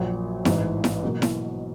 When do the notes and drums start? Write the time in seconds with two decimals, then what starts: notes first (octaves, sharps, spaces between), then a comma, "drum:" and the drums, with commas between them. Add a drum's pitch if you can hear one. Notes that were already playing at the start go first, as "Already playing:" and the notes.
Already playing: A#1 A#2 F#3
0.45 A1 G#2 E3, drum: snare E4
0.84 drum: snare E4
1.02 B2 F#3 A#3
1.22 drum: snare E4